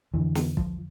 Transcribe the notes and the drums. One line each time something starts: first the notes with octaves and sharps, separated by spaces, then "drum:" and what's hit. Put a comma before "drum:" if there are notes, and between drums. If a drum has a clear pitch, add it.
F2 D3 E3
drum: snare
F3, drum: kick